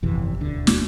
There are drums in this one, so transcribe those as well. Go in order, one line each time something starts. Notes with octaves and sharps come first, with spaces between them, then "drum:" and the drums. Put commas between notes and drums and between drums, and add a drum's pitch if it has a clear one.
G1 F2 C3 E3
E1 D2 D3
drum: snare